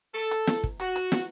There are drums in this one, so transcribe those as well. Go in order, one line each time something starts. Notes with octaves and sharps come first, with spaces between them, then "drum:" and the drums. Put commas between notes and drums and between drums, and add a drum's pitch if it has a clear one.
A4
drum: hi-hat
drum: snare
drum: kick
F#4, drum: hi-hat
drum: hi-hat
drum: snare